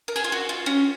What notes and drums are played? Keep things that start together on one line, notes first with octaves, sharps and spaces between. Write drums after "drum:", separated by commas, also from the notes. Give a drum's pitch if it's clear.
A#4
G#4, drum: cymbal
F4
F#4
F4
C#4